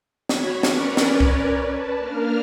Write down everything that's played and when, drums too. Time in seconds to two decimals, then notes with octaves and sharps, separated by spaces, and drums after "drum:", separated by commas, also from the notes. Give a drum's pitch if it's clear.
0.29 F#4 C#5 B5 G#6, drum: snare
0.63 C#4 A#4 B4 C#5 D5, drum: snare
0.97 drum: snare
1.20 drum: kick C2
1.67 B4 A5
1.98 A#3 D4 A#4 F6